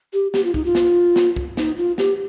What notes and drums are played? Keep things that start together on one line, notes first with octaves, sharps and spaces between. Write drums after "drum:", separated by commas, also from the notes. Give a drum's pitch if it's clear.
G4
G4, drum: snare
F4
D#4, drum: kick
F4
drum: snare
drum: snare
drum: kick
D#4, drum: snare
F4
G4, drum: snare